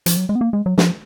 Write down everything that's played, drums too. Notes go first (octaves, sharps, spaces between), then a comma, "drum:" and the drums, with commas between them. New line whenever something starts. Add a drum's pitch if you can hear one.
F3, drum: hi-hat
F#3
G#3
B3
A#3
G#3
F#3
F3, drum: snare